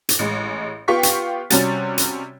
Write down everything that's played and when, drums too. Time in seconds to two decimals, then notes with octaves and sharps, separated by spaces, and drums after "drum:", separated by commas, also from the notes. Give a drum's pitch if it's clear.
0.09 drum: hi-hat
0.19 A1 G#3
0.88 B3 F4 G4 G5 C#6 B6
1.03 drum: hi-hat
1.50 C3 G3 C#4 F#4 A6, drum: hi-hat
1.98 drum: hi-hat